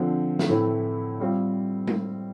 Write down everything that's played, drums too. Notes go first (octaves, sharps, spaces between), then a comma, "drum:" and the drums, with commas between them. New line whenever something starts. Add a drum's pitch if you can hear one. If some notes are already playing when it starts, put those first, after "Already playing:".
Already playing: D3 F3 C4
drum: snare
A2 E3 A3 C4 E4
G3 C4 F4
drum: tom G#3